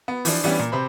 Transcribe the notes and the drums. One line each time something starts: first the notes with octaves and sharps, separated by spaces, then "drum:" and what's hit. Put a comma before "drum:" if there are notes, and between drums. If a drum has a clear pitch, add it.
B3
E3 F3 D4, drum: open hi-hat
E3 G3 B3 C#4 D4
A#2
C3 C5 B5